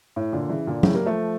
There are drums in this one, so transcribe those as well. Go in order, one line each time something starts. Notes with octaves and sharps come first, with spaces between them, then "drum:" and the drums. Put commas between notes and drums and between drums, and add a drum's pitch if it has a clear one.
A2
A#2 D3
C#3 E3
A#2 D3
A2 C#3, drum: tom F#3
G3 A#3
F3 A3